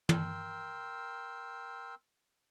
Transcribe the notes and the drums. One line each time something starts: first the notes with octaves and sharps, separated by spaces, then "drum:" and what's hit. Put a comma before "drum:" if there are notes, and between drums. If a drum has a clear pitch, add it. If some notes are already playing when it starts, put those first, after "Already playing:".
A#4 G5 C6 E6, drum: tom